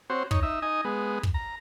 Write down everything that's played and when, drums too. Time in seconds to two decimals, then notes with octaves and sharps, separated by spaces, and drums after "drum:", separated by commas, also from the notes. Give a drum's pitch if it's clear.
0.10 C4 F#4 C5 C#5
0.31 D#4 C#5, drum: kick
0.43 D#4 E5
0.62 D#4 D#5 G#5
0.85 G#3 B3
1.23 drum: kick
1.34 A#5